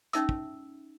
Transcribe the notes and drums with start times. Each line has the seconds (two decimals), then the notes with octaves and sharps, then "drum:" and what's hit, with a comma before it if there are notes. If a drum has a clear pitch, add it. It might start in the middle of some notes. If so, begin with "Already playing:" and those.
0.13 C#4 D#4 E5 E6, drum: hi-hat
0.29 drum: kick